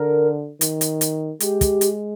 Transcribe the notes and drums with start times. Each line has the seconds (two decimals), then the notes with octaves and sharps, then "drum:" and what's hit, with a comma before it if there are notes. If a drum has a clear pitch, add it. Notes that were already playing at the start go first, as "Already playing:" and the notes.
Already playing: D3 A#4
0.61 D#3, drum: hi-hat
0.81 drum: hi-hat
1.01 drum: hi-hat
1.40 G#3 G4, drum: hi-hat
1.61 drum: kick, hi-hat
1.81 drum: hi-hat